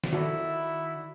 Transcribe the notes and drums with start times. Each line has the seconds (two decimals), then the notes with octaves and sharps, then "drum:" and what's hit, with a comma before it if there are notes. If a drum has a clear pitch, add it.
0.04 drum: snare
0.13 D#3 E4 F#4 A4 D5